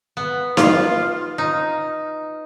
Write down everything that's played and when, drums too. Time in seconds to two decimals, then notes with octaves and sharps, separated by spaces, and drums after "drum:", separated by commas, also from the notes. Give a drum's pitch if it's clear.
0.17 B3
0.57 F4, drum: snare D#4
1.38 D#4